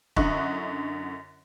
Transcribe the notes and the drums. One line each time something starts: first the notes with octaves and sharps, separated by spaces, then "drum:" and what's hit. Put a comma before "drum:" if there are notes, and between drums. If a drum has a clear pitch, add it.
F#2 D3 E4 D#5 C#6 F#6, drum: kick